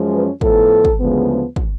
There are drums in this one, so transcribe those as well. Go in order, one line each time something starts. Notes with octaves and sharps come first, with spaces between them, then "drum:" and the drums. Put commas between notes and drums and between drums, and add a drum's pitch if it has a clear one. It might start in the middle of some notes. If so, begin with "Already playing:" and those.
Already playing: F#2 F3 G#3 C#4
B4
A2 F3 B3 A4, drum: kick
drum: kick
D2 C#3 F3 G#3 B3
drum: kick